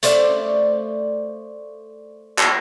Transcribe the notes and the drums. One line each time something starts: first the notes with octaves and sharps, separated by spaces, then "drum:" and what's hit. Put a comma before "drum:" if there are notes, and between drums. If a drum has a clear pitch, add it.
A3 C5 D5 F5, drum: hi-hat
drum: clap